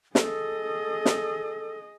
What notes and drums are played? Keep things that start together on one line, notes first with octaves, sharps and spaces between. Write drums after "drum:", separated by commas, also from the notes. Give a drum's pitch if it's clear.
G#4 A4 D#5, drum: snare
drum: snare